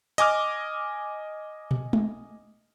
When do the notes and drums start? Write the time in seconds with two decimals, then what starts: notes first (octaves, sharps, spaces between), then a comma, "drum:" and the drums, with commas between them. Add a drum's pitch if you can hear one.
0.18 D#5 G#5 D6 F6, drum: hi-hat
1.71 drum: tom
1.93 drum: tom